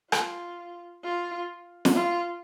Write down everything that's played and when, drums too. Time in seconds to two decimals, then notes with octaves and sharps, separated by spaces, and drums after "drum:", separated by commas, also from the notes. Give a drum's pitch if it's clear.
0.12 F4, drum: rim click
1.04 F4
1.85 drum: snare
1.95 F4